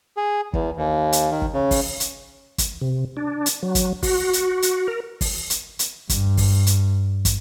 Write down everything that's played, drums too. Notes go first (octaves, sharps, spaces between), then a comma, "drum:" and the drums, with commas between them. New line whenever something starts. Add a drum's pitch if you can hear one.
G#4
E2, drum: kick
D#2
drum: hi-hat
D#3
drum: kick
C#3
drum: kick, open hi-hat
drum: hi-hat
drum: kick, hi-hat
C3
D4
drum: hi-hat
F#3
drum: kick, hi-hat
F#4, drum: kick, open hi-hat
drum: hi-hat
drum: hi-hat
A#4
drum: kick, open hi-hat
drum: hi-hat
drum: hi-hat
G2, drum: kick, hi-hat
drum: kick, open hi-hat
drum: hi-hat
drum: kick, hi-hat